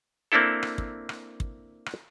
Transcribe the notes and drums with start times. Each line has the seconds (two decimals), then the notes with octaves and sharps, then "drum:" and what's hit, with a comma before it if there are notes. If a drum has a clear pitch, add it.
0.32 A#3 C4 D4 E4 A4
0.63 drum: rim click
0.78 drum: kick
1.09 drum: rim click
1.40 drum: kick
1.86 drum: rim click